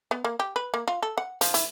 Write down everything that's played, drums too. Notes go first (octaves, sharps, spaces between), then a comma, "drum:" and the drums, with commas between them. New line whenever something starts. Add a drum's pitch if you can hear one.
B3
A#3
G4
B4
A#3
F4
A4
F#5
F3, drum: hi-hat
E4, drum: hi-hat